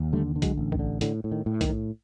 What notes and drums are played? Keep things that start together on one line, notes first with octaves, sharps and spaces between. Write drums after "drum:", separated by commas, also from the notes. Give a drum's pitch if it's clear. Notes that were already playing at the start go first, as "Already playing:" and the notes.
Already playing: D#2
D3 G3 A3
D3
F#3 G#3, drum: kick B1, hi-hat
A1
D#3, drum: kick B1
D3
A2 D3, drum: hi-hat
A2
D#3
A2
D#3, drum: kick B1, hi-hat
A2